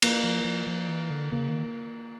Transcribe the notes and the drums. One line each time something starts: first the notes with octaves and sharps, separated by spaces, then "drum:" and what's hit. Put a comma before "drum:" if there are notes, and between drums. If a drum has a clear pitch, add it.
A#3, drum: cymbal
F3
F3
F3
E3
D3
C#3 A#3
D#3